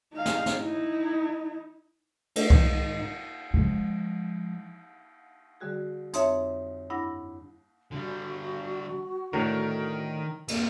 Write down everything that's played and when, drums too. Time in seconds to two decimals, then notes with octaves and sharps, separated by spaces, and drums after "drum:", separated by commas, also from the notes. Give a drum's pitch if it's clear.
0.13 D#4 F5
0.26 drum: snare
0.46 drum: snare
0.56 D#4 E4
2.36 A3 D4, drum: cymbal
2.50 G#2 D#3 D#4, drum: kick C2
3.54 F3 G#3
5.61 D3 G3 F#4 G#4
6.13 F2 C4 D#4 C#5 E5, drum: hi-hat
6.90 G2 D4 E4 F#5 B5 A#6
7.91 D3 G3 F#4
9.33 A2 D3 D#3 A#4
10.48 F2 G3 A#3, drum: cymbal